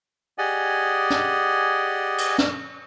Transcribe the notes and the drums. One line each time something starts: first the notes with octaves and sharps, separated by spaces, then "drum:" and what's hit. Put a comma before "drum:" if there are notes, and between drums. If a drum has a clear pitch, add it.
G4 G#4 D5 D#5 F#5 G#5
drum: snare
drum: cymbal
drum: snare